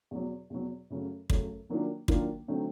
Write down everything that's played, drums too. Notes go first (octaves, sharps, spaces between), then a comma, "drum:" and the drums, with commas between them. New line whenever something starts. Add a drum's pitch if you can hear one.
E2 B2 F#3
E2 B2 F#3
F#2 C#3 F#3 A3
F#2 C#3 F#3 A3, drum: kick
D#3 F#3 A#3 D4 F4
D#3 F#3 A#3 D4 F4, drum: kick
D3 F#3 A3 C4 D#4